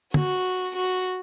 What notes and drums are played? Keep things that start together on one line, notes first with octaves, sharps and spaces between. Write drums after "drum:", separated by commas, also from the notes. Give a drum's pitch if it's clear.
F#4, drum: tom
F#4